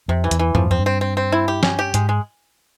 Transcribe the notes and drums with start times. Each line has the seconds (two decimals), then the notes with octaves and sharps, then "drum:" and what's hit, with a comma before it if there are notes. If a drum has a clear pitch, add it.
0.08 F2 C3
0.24 E3
0.31 E2, drum: hi-hat
0.39 E3
0.55 F2 F3, drum: tom G2
0.70 F2 C4
0.79 G2
0.86 C4
1.01 C4
1.17 C4
1.32 E4
1.48 G4
1.63 C#4, drum: snare
1.79 G4
1.94 G#2 G#3, drum: hi-hat
2.09 G#3